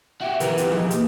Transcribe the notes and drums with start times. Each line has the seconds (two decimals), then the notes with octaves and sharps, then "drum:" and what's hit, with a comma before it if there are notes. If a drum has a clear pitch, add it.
0.21 F#4 G4 E5
0.40 B1 D3 E3 G4 A#4 B4, drum: hi-hat
0.58 C4 F4 G4, drum: hi-hat
0.72 D#4 G#4, drum: tom F3
0.91 A#3 G4 G#4, drum: hi-hat